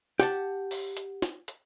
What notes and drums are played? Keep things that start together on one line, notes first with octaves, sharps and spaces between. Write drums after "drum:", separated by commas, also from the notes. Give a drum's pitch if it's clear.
G4 F#5 A5, drum: snare
drum: open hi-hat
drum: hi-hat
drum: snare
drum: hi-hat